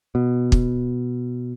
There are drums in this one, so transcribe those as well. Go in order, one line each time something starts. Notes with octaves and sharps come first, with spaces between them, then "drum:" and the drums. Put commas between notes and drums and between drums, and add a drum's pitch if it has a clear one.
B2
drum: kick